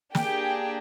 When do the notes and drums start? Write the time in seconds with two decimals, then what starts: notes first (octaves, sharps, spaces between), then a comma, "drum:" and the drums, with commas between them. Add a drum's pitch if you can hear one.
0.15 A#3 D4 G4 G#4 G5, drum: snare